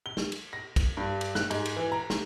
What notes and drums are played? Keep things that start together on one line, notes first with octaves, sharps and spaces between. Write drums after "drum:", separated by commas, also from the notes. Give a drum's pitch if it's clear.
G7
drum: snare
drum: cymbal
A#6
drum: kick, cymbal
G2
drum: cymbal
F#6, drum: snare
G#2, drum: cymbal
drum: cymbal
E3
A#5
drum: snare